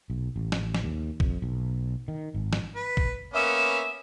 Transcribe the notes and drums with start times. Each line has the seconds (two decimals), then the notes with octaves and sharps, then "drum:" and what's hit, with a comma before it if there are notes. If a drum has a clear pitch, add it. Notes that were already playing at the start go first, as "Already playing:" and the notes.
0.10 B1
0.36 A1
0.52 drum: snare
0.74 drum: snare
0.84 D#2
1.20 F2, drum: kick
1.42 B1
2.08 D#3
2.34 G#1
2.53 drum: snare
2.76 B4
2.97 drum: kick
3.34 A#3 B3 C#4 E5